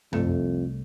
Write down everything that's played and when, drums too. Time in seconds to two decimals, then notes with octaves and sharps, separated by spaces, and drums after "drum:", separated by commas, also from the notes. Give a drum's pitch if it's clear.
0.13 C2 F2 A3, drum: tom F#2